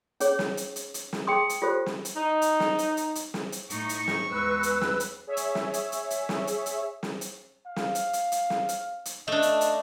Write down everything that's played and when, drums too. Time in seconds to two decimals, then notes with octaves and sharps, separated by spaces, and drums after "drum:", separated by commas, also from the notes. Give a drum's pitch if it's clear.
0.20 C#4 G#4 C#5, drum: hi-hat
0.39 drum: snare
0.57 drum: hi-hat
0.76 drum: hi-hat
0.94 drum: hi-hat
1.13 drum: snare
1.27 G#4 G5 A5 C6 D#6
1.49 drum: hi-hat
1.62 F4 G4 A4 C5
1.86 drum: snare
2.05 drum: hi-hat
2.16 D#4
2.42 drum: hi-hat
2.60 drum: snare
2.79 drum: hi-hat
2.97 drum: hi-hat
3.15 drum: hi-hat
3.34 drum: snare
3.52 drum: hi-hat
3.70 A2 D#4 C#6, drum: hi-hat
3.89 drum: hi-hat
4.08 drum: snare
4.31 E2 G#3 B4 E6
4.63 drum: hi-hat
4.81 drum: snare
5.00 drum: hi-hat
5.27 G#4 C#5 E5
5.37 drum: hi-hat
5.55 drum: snare
5.74 drum: hi-hat
5.92 drum: hi-hat
6.10 drum: hi-hat
6.29 drum: snare
6.47 drum: hi-hat
6.66 drum: hi-hat
7.03 drum: snare
7.21 drum: hi-hat
7.66 F5
7.76 drum: snare
7.95 drum: hi-hat
8.13 drum: hi-hat
8.32 drum: hi-hat
8.50 drum: snare
8.69 drum: hi-hat
9.05 drum: hi-hat
9.28 A3 D4 D#5
9.42 drum: hi-hat
9.61 drum: hi-hat